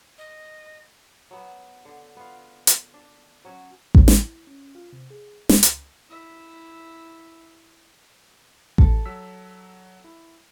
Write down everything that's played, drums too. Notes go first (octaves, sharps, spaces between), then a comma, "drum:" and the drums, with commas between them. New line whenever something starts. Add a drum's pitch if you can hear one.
D#5
F#3 B3
D3
B3 F4
drum: hi-hat
D4
F#3 C#4
C#5, drum: kick A1
E4, drum: snare
C#4
F4
C3
G#4
C#2, drum: snare
drum: hi-hat
E4 E5
A4, drum: kick A1
F#3 E6 B6
E4